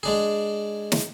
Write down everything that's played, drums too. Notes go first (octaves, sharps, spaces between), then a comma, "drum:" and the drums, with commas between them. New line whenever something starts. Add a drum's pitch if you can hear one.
G#3 D4 G#4
drum: snare